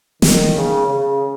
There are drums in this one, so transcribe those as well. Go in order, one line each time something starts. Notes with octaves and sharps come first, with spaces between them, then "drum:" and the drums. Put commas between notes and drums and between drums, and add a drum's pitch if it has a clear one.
D#3, drum: snare
C#3
C#3